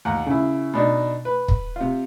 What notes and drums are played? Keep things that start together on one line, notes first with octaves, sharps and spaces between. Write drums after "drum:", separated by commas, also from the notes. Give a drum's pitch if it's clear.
D#2 F#5 A#5
C#3 E4
B2 D4 D#4
B4
drum: kick
C3 F4